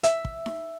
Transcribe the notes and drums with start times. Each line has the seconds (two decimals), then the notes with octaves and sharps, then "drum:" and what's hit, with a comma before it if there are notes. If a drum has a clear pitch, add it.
0.03 E5, drum: hi-hat
0.25 drum: kick
0.46 drum: snare D#4